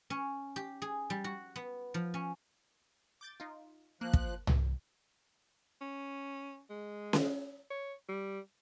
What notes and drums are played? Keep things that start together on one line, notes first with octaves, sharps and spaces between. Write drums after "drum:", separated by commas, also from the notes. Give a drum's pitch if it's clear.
C#4
G4
G#4
G3
F#4
B3
F3
C#4
D6 G6 A6
D#4 F4
F3 A#3 F#6
drum: kick
drum: tom C2
C#4
G#3
drum: snare C#4
C#5
G3